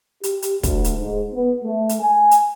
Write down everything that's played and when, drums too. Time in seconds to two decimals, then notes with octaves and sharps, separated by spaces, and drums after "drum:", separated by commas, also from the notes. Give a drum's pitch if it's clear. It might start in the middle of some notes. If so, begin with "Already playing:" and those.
0.23 G4, drum: hi-hat
0.42 drum: hi-hat
0.63 D2, drum: kick, hi-hat
0.84 drum: hi-hat
0.98 G#2
1.34 B3
1.64 A3
1.89 drum: hi-hat
2.01 G#5
2.31 drum: hi-hat